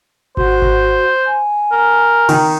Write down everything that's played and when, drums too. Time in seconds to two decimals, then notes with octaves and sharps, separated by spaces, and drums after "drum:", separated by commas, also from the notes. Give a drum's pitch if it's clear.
0.37 F#4 C5, drum: kick G#1
0.62 drum: kick G#1
1.26 G#5
1.72 A#4
2.29 D#3, drum: open hi-hat